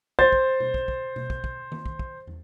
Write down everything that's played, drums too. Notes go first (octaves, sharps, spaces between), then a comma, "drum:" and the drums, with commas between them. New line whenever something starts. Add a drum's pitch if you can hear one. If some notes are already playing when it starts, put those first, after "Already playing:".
C5 A6, drum: kick
drum: kick
drum: tom B2
drum: kick
drum: kick
drum: tom B2
drum: kick
drum: kick
drum: tom D#3
drum: kick
drum: kick
drum: tom